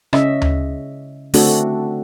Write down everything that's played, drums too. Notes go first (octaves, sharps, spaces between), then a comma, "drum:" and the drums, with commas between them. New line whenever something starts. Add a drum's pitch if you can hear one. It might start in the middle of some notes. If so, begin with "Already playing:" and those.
C#3 C#4 D#5 E5, drum: rim click
drum: tom D2
D3 A3 C4 D4 F#4 A4, drum: open hi-hat